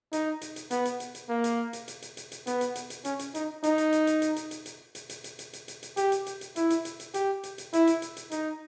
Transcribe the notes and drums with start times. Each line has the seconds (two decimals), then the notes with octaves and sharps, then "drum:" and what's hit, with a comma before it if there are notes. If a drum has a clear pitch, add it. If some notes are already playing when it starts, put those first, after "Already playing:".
0.13 D#4, drum: hi-hat
0.41 drum: hi-hat
0.56 drum: hi-hat
0.71 B3, drum: hi-hat
0.85 drum: hi-hat
1.00 drum: hi-hat
1.15 drum: hi-hat
1.29 A#3
1.44 drum: hi-hat
1.73 drum: hi-hat
1.88 drum: hi-hat
2.02 drum: hi-hat
2.17 drum: hi-hat
2.32 drum: hi-hat
2.47 B3, drum: hi-hat
2.61 drum: hi-hat
2.75 drum: hi-hat
2.90 drum: hi-hat
3.05 C#4, drum: hi-hat
3.19 drum: hi-hat
3.35 D#4, drum: hi-hat
3.63 D#4, drum: hi-hat
3.78 drum: hi-hat
3.92 drum: hi-hat
4.07 drum: hi-hat
4.22 drum: hi-hat
4.36 drum: hi-hat
4.51 drum: hi-hat
4.66 drum: hi-hat
4.95 drum: hi-hat
5.09 drum: hi-hat
5.24 drum: hi-hat
5.39 drum: hi-hat
5.53 drum: hi-hat
5.68 drum: hi-hat
5.83 drum: hi-hat
5.97 G4, drum: hi-hat
6.12 drum: hi-hat
6.26 drum: hi-hat
6.41 drum: hi-hat
6.56 E4, drum: hi-hat
6.70 drum: hi-hat
6.85 drum: hi-hat
7.00 drum: hi-hat
7.14 G4, drum: hi-hat
7.43 drum: hi-hat
7.58 drum: hi-hat
7.73 E4, drum: hi-hat
7.87 drum: hi-hat
8.02 drum: hi-hat
8.17 drum: hi-hat
8.31 D#4, drum: hi-hat